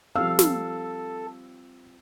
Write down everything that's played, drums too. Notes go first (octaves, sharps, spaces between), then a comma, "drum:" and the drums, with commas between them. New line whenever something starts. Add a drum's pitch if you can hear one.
F3 G3 C4 A4 F5 E6
drum: snare